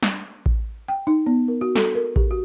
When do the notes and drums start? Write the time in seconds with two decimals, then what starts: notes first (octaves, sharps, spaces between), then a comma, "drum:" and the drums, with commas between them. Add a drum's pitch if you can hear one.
0.03 drum: snare
0.46 drum: kick A1
0.88 G5
1.07 D#4
1.26 B3
1.48 A#4
1.61 F#4
1.76 A4, drum: snare
1.95 A#4
2.16 G4, drum: kick A1
2.31 F#4